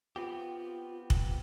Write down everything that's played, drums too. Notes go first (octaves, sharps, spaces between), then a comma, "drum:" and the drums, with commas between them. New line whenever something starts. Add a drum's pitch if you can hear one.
B3 C4 F4 G4
drum: kick